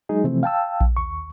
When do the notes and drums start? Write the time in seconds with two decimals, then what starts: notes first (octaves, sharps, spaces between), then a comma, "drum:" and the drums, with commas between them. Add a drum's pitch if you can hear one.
0.09 F#3 G#3 D#4 G#4
0.24 C3 E3 F3 A3 C4
0.43 F5 G5 A5 E6
0.81 drum: kick A#1
0.97 D#2 C#6